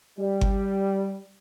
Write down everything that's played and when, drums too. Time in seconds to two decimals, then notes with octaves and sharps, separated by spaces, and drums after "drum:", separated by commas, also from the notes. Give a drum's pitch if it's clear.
0.19 G3
0.41 drum: kick G1